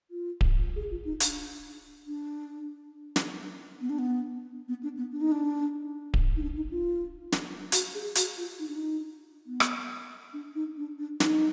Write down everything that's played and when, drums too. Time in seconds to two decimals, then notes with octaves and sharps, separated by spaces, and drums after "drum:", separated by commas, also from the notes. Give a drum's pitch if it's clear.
0.11 F4
0.41 drum: kick D1
0.76 G#4
0.91 F4
1.05 D#4
1.20 D4, drum: hi-hat
2.07 D4
3.16 drum: snare
3.81 B3
3.89 D4
3.98 B3
4.68 B3
4.83 D4
4.97 B3
5.12 D4
5.21 D#4
5.32 D4
6.14 drum: kick D1
6.36 D#4
6.42 D4
6.56 D#4
6.71 F4
7.32 drum: snare
7.72 F#4, drum: hi-hat
7.94 G#4
8.15 F#4, drum: hi-hat
8.37 F4
8.59 D#4
8.68 D4
8.75 D#4
9.46 B3
9.60 drum: rim click
10.33 D4
10.55 D#4
10.78 D4
10.98 D4
11.20 D#4, drum: snare